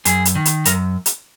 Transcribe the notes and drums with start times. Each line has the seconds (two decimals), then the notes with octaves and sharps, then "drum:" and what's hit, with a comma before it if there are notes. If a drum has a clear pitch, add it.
0.05 F#2 G#4, drum: hi-hat
0.25 drum: hi-hat
0.35 D#3
0.45 drum: hi-hat
0.65 F#2 A#4, drum: hi-hat
1.06 drum: hi-hat